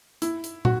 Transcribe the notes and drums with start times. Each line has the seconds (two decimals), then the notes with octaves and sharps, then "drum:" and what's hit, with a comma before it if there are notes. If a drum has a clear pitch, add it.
0.22 E4, drum: hi-hat
0.44 drum: hi-hat
0.65 F#4, drum: tom